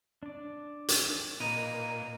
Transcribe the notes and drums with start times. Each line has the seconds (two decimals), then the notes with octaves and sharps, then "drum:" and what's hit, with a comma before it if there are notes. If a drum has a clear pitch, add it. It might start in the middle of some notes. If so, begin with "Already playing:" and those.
0.23 D4 D5
0.88 drum: hi-hat
1.40 A#2 D#4 A#4 B4